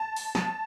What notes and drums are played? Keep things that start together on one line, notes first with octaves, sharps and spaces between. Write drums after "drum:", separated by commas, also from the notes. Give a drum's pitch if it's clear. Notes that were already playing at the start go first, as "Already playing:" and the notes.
Already playing: A5
drum: open hi-hat
A5, drum: snare